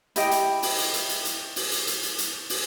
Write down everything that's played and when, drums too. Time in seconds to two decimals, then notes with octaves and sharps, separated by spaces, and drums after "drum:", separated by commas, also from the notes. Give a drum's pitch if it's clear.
0.16 E4 G4 D#5 G5, drum: hi-hat
0.31 drum: hi-hat
0.63 drum: open hi-hat
0.78 drum: hi-hat
0.94 drum: hi-hat
1.09 drum: hi-hat
1.25 drum: hi-hat
1.56 drum: open hi-hat
1.72 drum: hi-hat
1.87 drum: hi-hat
2.03 drum: hi-hat
2.18 drum: hi-hat
2.50 drum: open hi-hat